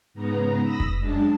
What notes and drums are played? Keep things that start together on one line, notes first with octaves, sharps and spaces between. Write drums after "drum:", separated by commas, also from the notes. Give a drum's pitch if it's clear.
G#2 C#3 B3 A#5
B5 D#6 E6 A#6
drum: kick F1
F#2 G#3 D4 A5